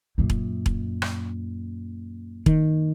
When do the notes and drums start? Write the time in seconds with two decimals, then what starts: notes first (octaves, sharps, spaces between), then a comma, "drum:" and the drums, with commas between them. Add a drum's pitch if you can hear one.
0.18 F#2 A#2
0.30 drum: kick E1
0.66 drum: kick E1
1.02 drum: rim click
2.46 D#3, drum: kick E1